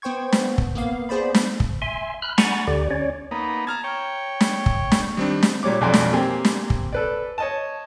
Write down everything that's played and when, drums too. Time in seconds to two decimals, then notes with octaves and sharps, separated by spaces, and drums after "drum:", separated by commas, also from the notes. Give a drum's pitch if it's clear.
0.02 B3 C5 G5 C#6 G#6
0.32 drum: snare
0.58 drum: kick
0.75 A#3 B3 F5
1.09 B3 G#4 C5 D5 B5
1.34 drum: snare
1.60 drum: kick
1.82 E5 G#5 C6
2.22 B5 F6 F#6
2.38 F#5 G#5 A#5 B5 C#6 A6, drum: snare
2.67 D2 D3 G4 D5
2.91 C#4 C#5 D5
3.31 A#3 B3 D#4
3.67 A5 A#5 F6 G#6
3.84 C#5 G5
4.41 drum: snare
4.66 drum: kick
4.92 drum: snare
5.17 D#3 G3 C4 D4
5.43 drum: snare
5.63 A#2 G3 C#5 D6
5.81 B1 F2 D5 G#5 C6
5.94 drum: snare
6.13 A#3 C4 G4 C5 G5 G#5
6.45 drum: snare
6.70 drum: kick
6.93 A4 B4 D5
7.38 C#5 D#5 A5